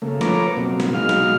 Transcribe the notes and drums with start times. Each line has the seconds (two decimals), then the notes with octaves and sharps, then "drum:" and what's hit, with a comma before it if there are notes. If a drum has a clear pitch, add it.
0.02 C#3 A3 A#3
0.21 F3 A4 B4 C#5 A#5 D6, drum: snare
0.57 B2 F#3 A#3 C4
0.80 drum: snare
0.94 B2 F#3 G#3 D#4 F5 F6
1.09 drum: snare